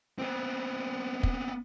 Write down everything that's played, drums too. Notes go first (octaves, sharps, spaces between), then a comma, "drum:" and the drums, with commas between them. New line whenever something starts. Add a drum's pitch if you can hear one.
B3 C4
drum: kick